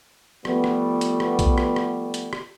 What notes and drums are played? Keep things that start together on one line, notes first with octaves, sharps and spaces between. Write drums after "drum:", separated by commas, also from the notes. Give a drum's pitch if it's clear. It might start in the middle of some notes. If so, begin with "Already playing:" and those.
F3 G3 A3 B3, drum: rim click
drum: rim click
drum: hi-hat
drum: rim click
drum: kick B1, hi-hat
drum: rim click
drum: rim click
drum: hi-hat
drum: rim click